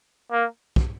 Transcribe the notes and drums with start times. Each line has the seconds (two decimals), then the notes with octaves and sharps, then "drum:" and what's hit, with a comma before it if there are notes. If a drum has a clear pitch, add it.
0.32 A#3
0.76 drum: kick